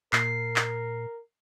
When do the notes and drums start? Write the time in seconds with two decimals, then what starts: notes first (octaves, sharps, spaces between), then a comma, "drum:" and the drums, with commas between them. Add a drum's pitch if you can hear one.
0.13 A#2 A#4 C7, drum: clap
0.56 drum: clap